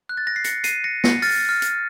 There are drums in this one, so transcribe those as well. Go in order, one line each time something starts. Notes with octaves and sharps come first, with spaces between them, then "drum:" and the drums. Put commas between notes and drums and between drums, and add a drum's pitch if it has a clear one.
F#6
A6
A#6
C7
A#6 C#7, drum: hi-hat
C7 D#7, drum: hi-hat
A#6 C#7
A#6 C#7, drum: snare
F6 A6, drum: open hi-hat
F6
drum: hi-hat